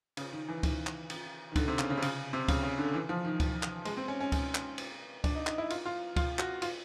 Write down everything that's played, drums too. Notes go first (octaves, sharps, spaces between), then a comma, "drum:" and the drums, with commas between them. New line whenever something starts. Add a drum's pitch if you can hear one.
C#3, drum: cymbal
D#3
E3
D#3, drum: kick C#2, cymbal
drum: clap
drum: cymbal
D#3
D3, drum: kick C#2, cymbal
C3
C#3, drum: clap
C#3
C3
C#3, drum: cymbal
C3
C#3, drum: kick C#2, cymbal
C#3
D3
E3
F3
D#3
drum: kick C#2, cymbal
drum: clap
G#3, drum: cymbal
C4
C#4
C#4
C#4, drum: kick C#2, cymbal
drum: clap
drum: cymbal
D4, drum: kick C#2, cymbal
D#4
D#4, drum: clap
E4
F4, drum: cymbal
F4
F4, drum: kick C#2, cymbal
F#4, drum: clap
F4, drum: cymbal